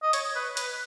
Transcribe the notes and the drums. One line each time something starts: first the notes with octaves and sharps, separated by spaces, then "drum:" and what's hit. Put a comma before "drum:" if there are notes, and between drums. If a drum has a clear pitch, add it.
D#5
C#5, drum: hi-hat
B4
B4, drum: hi-hat